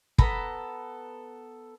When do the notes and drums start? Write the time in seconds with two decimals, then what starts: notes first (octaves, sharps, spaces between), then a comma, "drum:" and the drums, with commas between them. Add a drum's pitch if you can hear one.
0.18 B3 A4 A#5 B5, drum: kick